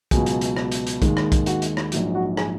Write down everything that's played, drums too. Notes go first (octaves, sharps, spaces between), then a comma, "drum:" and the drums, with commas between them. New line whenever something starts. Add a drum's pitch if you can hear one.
C#2 B2 F#3 G#4 G#5, drum: kick, hi-hat
drum: hi-hat
drum: hi-hat
drum: rim click
drum: hi-hat
drum: hi-hat
D#2 D#3 G#3, drum: kick, hi-hat
drum: rim click
drum: kick, hi-hat
F#4 F#5, drum: hi-hat
drum: hi-hat
drum: rim click
A#1 G#2 F#3, drum: hi-hat
F#4 F#5
G#4 G#5, drum: rim click